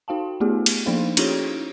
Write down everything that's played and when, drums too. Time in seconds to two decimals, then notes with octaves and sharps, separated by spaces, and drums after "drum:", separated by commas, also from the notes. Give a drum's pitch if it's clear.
0.08 D#4 F#4 F5 G5 A5
0.40 A3 B3 D#4 F4 G4 G#4
0.66 drum: cymbal
0.86 F3 A#3 D4 D#4 C5 F5
1.17 C#4 D#4 E4 F#4 G#4 C#5, drum: cymbal